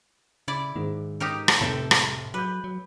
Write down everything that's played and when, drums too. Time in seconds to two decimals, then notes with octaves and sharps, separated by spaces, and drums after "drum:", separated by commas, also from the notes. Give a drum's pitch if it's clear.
0.48 C#3 E4 D5
0.76 G#2 D#3
1.20 D#4 G4 A#4
1.48 drum: rim click
1.61 F1 A2 A4 E5 G5
1.91 drum: rim click
2.34 F#3 B4 D6 G6
2.64 F#3